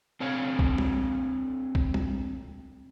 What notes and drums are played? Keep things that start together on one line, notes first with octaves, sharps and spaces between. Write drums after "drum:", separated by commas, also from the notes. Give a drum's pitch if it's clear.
C4 D4 A4 C#5 F5 G#5
drum: kick
drum: tom
drum: kick
drum: tom